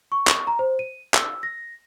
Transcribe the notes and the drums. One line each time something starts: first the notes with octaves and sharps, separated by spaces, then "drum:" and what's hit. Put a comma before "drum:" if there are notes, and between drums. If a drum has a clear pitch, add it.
C#6
drum: clap
A#5
C5
D#7
E6, drum: clap
A#6